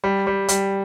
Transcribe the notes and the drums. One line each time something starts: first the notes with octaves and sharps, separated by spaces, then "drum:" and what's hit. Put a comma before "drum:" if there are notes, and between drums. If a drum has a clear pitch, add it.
G3
G3
G3, drum: hi-hat